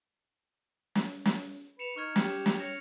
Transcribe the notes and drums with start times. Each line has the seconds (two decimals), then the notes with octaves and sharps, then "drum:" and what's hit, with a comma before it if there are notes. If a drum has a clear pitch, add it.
0.95 drum: snare
1.25 drum: snare
1.79 B4 C#7 E7 F7
1.96 D#4 C#6 F6 G#6
2.16 G4, drum: snare
2.46 drum: snare
2.60 C#5 A#6 C#7 F7